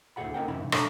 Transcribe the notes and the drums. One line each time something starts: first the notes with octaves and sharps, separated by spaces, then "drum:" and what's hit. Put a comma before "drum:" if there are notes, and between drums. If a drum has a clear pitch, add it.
D2 A2 C3 G#4 F#5 B5
A3 C#4 D#4 A#4 F#5 G5
F#2 C3 D#3 E3 E4 B5
G2 C3
B2 D3 F#5 A5 A#5, drum: rim click